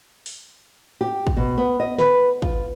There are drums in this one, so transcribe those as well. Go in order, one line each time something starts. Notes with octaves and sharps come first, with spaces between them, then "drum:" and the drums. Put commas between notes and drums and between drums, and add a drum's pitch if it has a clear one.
drum: open hi-hat
G4
drum: kick
B2
B3
D#5
B4, drum: snare
F4, drum: kick